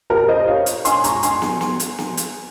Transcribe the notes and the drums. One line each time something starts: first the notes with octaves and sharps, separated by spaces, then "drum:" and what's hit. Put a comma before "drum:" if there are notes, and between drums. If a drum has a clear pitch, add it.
G4 A#4
C5 D#5
C#5 F5
drum: hi-hat
G#5 C6, drum: hi-hat
A#5 C#6, drum: hi-hat
G#5 C6, drum: hi-hat
drum: snare
drum: snare
drum: hi-hat
drum: snare
drum: hi-hat